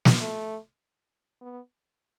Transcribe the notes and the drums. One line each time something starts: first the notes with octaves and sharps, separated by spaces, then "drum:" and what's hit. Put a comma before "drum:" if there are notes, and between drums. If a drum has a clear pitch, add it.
drum: snare
A3
B3